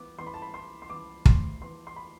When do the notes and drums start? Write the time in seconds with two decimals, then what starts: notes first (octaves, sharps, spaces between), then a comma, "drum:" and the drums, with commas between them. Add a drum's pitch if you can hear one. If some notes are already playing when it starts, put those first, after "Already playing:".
Already playing: E3 B3 D6
0.18 E3 B3 C6
0.27 B5
0.34 A5
0.42 B5
0.54 C6
0.82 C6
0.89 E3 B3 D6
1.25 C6, drum: kick
1.61 E3 B3 C6
1.87 C6
1.96 B5